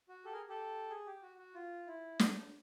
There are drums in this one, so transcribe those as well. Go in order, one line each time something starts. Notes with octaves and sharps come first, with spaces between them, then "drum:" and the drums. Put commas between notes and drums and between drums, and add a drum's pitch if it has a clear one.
F#4
G4 A4
G#4 A#4
G4 A4
G#4
G4
F#4
F#4
F4
E4
drum: snare